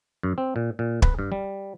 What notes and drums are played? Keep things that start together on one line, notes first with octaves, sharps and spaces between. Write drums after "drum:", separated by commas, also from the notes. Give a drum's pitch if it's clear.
F#2
C4
A#2
A#2
B4, drum: kick
G2
G3